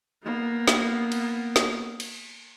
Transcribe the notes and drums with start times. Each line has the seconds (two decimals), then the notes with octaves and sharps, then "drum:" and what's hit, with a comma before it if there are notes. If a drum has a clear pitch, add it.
0.23 A#3 B3
0.68 drum: snare
1.12 drum: cymbal
1.56 drum: snare
2.00 drum: cymbal